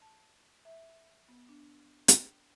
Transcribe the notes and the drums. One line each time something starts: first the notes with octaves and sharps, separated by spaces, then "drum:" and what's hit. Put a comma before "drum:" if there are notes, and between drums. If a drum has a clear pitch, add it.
A5
E5
B3
D4
G5, drum: hi-hat